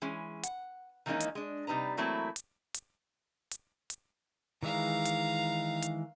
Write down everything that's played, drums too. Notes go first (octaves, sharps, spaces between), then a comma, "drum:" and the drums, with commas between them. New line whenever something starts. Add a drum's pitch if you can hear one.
E3 G#3 C#4
F#5, drum: hi-hat
D#3 E3 G#3 A#3 C#4 D#4
drum: hi-hat
G#3 D4
C3 G3 D#4 B4 A#5
E3 F#3 A3 A#3 C4 E4
drum: hi-hat
drum: hi-hat
drum: hi-hat
drum: hi-hat
D#3 E3 G#3 F5 A#5
drum: hi-hat
drum: hi-hat